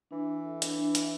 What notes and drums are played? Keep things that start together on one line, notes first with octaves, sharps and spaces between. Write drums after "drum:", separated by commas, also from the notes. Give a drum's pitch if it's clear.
E3 D4
E5
A4
D4, drum: hi-hat
D4
E5, drum: hi-hat